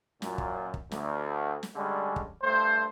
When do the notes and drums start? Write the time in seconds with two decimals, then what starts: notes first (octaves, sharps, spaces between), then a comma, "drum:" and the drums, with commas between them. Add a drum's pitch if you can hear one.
0.22 F#2 A#2, drum: snare
0.38 drum: kick
0.74 drum: kick
0.91 D2, drum: snare
1.63 drum: snare
1.75 D3 G3 G#3 C#4
2.16 drum: kick
2.42 G2 A3 C5